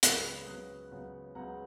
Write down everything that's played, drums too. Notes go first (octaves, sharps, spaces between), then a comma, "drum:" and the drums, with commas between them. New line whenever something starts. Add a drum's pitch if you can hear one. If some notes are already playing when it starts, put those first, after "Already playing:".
C#2 C#3 F#3 B3 D#6 F#6, drum: hi-hat
C#2 C#3 F#3 B3 D#6 F#6
C#2 C#3 F#3 B3
C#2 C#3 F#3 B3 F#5 A#5